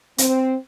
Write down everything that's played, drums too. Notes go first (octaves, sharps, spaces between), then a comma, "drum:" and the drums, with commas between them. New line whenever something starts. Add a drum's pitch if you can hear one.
C4, drum: hi-hat